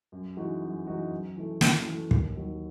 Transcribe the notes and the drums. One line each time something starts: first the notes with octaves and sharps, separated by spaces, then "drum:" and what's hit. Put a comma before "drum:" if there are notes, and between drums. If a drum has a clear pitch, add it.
F#2
E3 G#3 D#4 F#4
F#2
E3 G#3 D#4 F#4
F#2
E3 A3
F#2, drum: snare
E3 A3
D#2, drum: kick
D#3 F#3